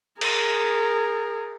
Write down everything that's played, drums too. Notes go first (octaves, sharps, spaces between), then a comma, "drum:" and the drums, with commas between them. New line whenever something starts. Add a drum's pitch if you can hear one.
G#4 A#4, drum: cymbal